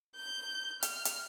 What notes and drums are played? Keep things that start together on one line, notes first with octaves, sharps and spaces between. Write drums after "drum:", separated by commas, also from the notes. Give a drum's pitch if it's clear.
G6
F6, drum: hi-hat
drum: hi-hat